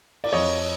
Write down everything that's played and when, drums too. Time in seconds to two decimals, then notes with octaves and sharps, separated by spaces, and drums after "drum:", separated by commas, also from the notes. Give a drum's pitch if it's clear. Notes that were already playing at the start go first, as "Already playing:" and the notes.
0.24 D5, drum: cymbal
0.33 F2 C#5 D#5